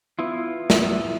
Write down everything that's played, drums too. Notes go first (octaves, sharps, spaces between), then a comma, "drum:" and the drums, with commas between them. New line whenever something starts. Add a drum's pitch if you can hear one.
B3 E4 F4
drum: snare